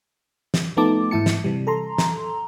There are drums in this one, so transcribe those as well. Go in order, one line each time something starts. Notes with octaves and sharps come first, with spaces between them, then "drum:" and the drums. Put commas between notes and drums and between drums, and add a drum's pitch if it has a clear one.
drum: snare
F3 A3 B3 D#4 A5 D6
G#2 E3 E4 A5 C#7
drum: snare
C3 E3 G3
A4 A#5 C6
drum: snare